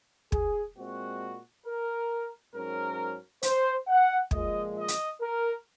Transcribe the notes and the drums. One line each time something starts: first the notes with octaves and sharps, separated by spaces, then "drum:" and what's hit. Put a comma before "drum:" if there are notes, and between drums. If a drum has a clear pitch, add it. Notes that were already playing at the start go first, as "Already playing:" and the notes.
G#4, drum: kick
A#2 G#3 C4 F#4
A#4
G#2 F#3 C#4 A#4
C5, drum: hi-hat
F#5
A#2 F3 G#3 D#5, drum: kick
D#5
drum: hi-hat
A#4